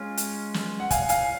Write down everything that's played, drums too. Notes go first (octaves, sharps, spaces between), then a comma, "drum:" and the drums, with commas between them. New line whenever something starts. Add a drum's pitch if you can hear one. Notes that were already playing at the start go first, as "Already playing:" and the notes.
Already playing: G#3 C#4 F4
drum: hi-hat
drum: snare
F#5
F5 G#5, drum: kick, hi-hat
F5 G#5, drum: hi-hat